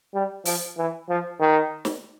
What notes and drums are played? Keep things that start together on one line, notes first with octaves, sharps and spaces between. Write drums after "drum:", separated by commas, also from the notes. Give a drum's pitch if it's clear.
G3
F3, drum: open hi-hat
E3
F3
D#3
drum: snare